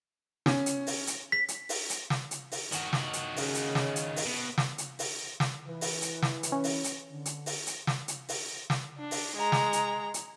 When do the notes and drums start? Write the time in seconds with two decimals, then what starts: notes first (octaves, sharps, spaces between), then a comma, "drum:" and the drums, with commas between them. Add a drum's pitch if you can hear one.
0.46 C#4, drum: snare
0.66 drum: hi-hat
0.87 drum: open hi-hat
1.07 drum: hi-hat
1.32 B6
1.48 drum: hi-hat
1.69 drum: open hi-hat
1.90 drum: hi-hat
2.10 drum: snare
2.31 drum: hi-hat
2.52 drum: open hi-hat
2.72 D#3 F#4, drum: hi-hat
2.93 drum: snare
3.13 drum: hi-hat
3.36 C#3, drum: open hi-hat
3.55 drum: hi-hat
3.75 drum: snare
3.96 drum: hi-hat
4.16 drum: open hi-hat
4.26 B2
4.58 drum: snare
4.78 drum: hi-hat
4.99 drum: open hi-hat
5.40 drum: snare
5.67 E3 B4
5.81 drum: open hi-hat
6.02 drum: hi-hat
6.22 drum: snare
6.43 drum: hi-hat
6.52 C#4
6.64 drum: open hi-hat
6.84 drum: hi-hat
7.11 D3
7.25 drum: hi-hat
7.46 drum: open hi-hat
7.67 drum: hi-hat
7.87 drum: snare
8.08 drum: hi-hat
8.29 drum: open hi-hat
8.70 drum: snare
8.98 D4
9.11 drum: open hi-hat
9.36 G#3 A#5
9.52 drum: snare
9.73 drum: hi-hat
10.14 drum: hi-hat